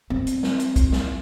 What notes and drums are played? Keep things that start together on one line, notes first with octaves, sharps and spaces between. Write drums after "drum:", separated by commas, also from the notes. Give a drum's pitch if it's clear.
C4
drum: hi-hat
drum: snare
drum: hi-hat
drum: kick, hi-hat
drum: snare